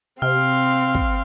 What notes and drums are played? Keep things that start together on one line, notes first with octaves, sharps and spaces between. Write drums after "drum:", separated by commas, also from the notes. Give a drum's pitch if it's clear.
C3 C4 F5 F6
drum: kick